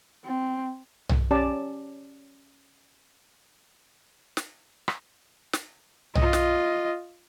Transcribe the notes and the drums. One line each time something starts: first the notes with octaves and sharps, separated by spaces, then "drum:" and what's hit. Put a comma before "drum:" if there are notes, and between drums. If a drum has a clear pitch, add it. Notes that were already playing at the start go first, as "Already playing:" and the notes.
C4
drum: tom B1
C#4 G4 D5 A5 A#5
drum: snare
drum: rim click
drum: snare
F4 D#5, drum: tom B1
drum: snare